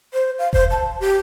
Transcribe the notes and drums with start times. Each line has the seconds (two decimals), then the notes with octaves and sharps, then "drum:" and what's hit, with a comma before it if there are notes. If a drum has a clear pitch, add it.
0.14 C5
0.39 F5
0.53 C5, drum: kick F1
0.71 A5
1.00 G4